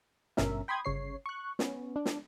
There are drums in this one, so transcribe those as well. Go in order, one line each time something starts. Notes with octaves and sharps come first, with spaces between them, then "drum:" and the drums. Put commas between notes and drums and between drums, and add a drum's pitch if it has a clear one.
G#1 G2 B2 C#4 A#4 E5, drum: snare
G5 B5 C6 D#6 G#6
G1 C#3 C#5 C7
C#6 F#6
B3 C#4, drum: snare
D4
drum: snare